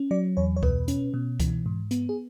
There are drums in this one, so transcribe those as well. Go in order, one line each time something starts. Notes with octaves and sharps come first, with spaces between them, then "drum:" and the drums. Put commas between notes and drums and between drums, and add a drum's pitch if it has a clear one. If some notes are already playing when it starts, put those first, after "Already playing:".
Already playing: C#4
F#3 D5
E2 C#5
C#5
B2 B4, drum: kick C#2
C#4, drum: hi-hat
B2
E3, drum: kick C#2, hi-hat
G#2
B3, drum: hi-hat
G#4